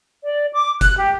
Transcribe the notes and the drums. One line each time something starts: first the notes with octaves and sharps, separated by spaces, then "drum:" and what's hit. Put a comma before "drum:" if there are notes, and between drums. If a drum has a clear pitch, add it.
D5
D6
F#6, drum: kick F#1, hi-hat
G4